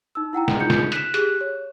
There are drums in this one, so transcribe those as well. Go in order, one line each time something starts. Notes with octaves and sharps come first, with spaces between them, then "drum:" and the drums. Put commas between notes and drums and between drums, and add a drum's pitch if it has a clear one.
D#4 E6
E4 F#5 G5 A#5
drum: snare
D#4 F4 G6 C#7
drum: snare
F#6 B6 E7, drum: hi-hat
G4 G#4 F#6, drum: hi-hat
C#5